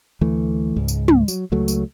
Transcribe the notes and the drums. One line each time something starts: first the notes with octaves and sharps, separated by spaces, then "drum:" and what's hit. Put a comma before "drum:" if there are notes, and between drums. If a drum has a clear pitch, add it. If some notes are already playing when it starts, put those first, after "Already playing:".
D2 E3 A3
C#2 G#2
drum: tambourine
drum: tom
F#3, drum: tambourine
C#2 F#3 A3
drum: tambourine